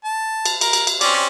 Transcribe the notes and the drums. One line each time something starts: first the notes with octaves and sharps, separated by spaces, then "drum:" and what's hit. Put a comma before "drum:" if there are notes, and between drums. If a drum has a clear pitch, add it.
A5
drum: cymbal
A#4, drum: cymbal
drum: cymbal
drum: cymbal
C4 C#4 D5, drum: cymbal